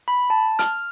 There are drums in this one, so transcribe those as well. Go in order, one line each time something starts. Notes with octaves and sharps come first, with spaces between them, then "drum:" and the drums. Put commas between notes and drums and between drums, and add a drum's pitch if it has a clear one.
B5
A5
F6, drum: hi-hat